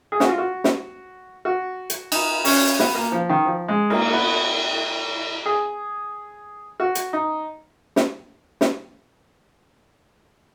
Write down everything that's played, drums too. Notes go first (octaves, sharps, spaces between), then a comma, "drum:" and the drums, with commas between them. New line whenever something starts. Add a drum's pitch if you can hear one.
G#4
F#4, drum: snare
F4
F#4
drum: snare
F#4
drum: hi-hat
D#4, drum: cymbal
C#4, drum: open hi-hat
B3, drum: snare
A#3
F3
D#3
F3
G#3
A#3, drum: cymbal
B3
G#4
F#4
drum: hi-hat
D#4
drum: snare
drum: snare